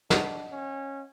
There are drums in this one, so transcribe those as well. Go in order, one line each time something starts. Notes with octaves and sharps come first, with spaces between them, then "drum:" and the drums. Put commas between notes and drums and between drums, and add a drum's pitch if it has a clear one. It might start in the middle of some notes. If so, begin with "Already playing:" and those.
D4 D#5 F#5, drum: snare
C#4